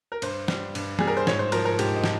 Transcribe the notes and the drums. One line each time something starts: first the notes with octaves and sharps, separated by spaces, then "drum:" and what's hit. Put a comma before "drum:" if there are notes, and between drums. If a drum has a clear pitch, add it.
A#4
G2 C5, drum: cymbal
G3, drum: snare
G2, drum: cymbal
G3 G#4, drum: tom E3
A#4
C5
G#2 C#5, drum: snare
C5
F3 A#4, drum: cymbal
A#4
G#2 G4, drum: cymbal
D#4
F3, drum: snare